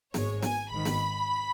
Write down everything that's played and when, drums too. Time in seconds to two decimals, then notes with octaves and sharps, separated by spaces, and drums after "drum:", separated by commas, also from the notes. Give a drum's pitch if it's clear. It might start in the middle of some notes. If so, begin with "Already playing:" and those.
0.14 G#1 G#2 G#3 C#5, drum: snare
0.43 G#5, drum: snare
0.71 G#1 G#2 D#3 B5
0.85 drum: snare